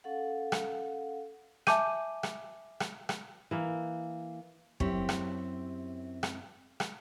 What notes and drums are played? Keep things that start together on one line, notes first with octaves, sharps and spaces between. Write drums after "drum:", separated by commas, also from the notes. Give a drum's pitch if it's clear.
C#4 A4 F5 F#5
drum: rim click
E5 G#5 A5 D6 G6 D#7, drum: rim click
drum: rim click
drum: rim click
drum: rim click
E3 A#3
F#2 C4 E4 G4 C#5, drum: kick
drum: rim click
drum: rim click
drum: rim click